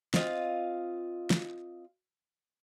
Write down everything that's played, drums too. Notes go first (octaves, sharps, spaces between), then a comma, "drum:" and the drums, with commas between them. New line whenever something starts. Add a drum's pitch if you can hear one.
C4 F4 D#5 F5, drum: snare
drum: snare